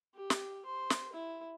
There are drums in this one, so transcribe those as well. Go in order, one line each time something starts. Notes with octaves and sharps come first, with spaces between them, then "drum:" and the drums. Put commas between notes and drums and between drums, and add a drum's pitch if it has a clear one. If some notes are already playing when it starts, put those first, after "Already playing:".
G4
drum: snare
C5
drum: snare
E4